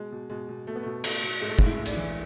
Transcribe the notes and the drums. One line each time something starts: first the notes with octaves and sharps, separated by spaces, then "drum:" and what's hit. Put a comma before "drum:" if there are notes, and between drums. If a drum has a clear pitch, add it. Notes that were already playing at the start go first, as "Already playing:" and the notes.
Already playing: B2 G#3
B2
B2 G#3
B2
B2 A3
B3
A3
B2
B2 A3, drum: cymbal
B2
A2 G#3
A3
A2 G#3, drum: kick
E4
A2
D4, drum: hi-hat
E4
E3